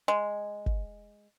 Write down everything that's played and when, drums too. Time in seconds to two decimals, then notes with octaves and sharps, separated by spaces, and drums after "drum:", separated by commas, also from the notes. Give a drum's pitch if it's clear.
0.08 G#3
0.66 drum: kick